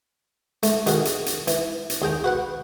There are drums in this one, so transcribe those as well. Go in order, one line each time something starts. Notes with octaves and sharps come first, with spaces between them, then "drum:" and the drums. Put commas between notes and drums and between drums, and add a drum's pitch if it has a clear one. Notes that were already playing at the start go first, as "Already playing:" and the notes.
A3, drum: hi-hat
D#3 F#4 G#4 A#4, drum: hi-hat
drum: hi-hat
drum: hi-hat
E3, drum: hi-hat
drum: hi-hat
D#2 G#4 G5 A#5
F#4 B4 F#5